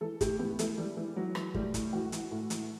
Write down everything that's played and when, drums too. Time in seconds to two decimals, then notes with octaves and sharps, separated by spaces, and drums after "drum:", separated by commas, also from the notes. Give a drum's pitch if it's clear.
0.01 E3 A4
0.21 A2 G4, drum: kick, hi-hat
0.39 E3 B3
0.59 E3 A3, drum: hi-hat
0.77 E3 G3
0.97 E3
1.16 E3 F#3
1.35 E3, drum: rim click
1.54 A2 G3, drum: kick
1.74 A2, drum: kick, hi-hat
1.93 E3 F#4
2.12 E3, drum: hi-hat
2.31 A2
2.50 E3, drum: hi-hat